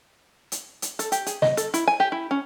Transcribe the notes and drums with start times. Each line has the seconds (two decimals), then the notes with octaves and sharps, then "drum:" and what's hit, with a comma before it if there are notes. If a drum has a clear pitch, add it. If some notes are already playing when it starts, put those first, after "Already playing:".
0.52 drum: hi-hat
0.82 drum: hi-hat
0.99 A4, drum: hi-hat
1.12 G4, drum: hi-hat
1.27 G#4, drum: hi-hat
1.42 D#5, drum: snare
1.57 A4, drum: hi-hat
1.74 E4, drum: hi-hat
1.87 G#5
2.00 G4
2.12 E4
2.31 C#4